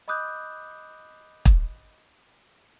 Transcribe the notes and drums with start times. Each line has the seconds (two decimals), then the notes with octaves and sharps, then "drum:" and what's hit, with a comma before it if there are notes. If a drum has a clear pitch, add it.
0.08 D#5 B5 D6 D#6 F#6 G6
1.45 drum: kick